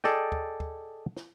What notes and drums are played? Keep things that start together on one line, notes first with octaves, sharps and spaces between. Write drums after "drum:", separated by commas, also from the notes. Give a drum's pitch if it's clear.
G#4 A4 D5 D#5 G5, drum: snare
drum: kick D2
drum: kick D2
drum: snare